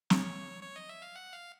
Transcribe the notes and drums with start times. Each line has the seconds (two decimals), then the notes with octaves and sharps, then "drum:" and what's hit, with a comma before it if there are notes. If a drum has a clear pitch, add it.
0.10 C#5, drum: snare
0.63 C#5
0.76 D#5
0.89 E5
1.02 F5
1.16 F#5
1.33 F5